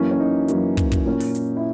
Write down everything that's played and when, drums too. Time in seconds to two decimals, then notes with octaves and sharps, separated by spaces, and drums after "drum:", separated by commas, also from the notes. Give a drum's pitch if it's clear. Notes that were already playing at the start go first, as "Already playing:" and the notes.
Already playing: F#2 E3 A#3 C#4
0.11 C#4
0.20 D#4
0.48 F#2 E3 A#3, drum: hi-hat
0.77 drum: kick, hi-hat
0.92 drum: kick, hi-hat
1.06 A#2 A#3 C#4
1.20 drum: open hi-hat
1.35 drum: hi-hat
1.57 E4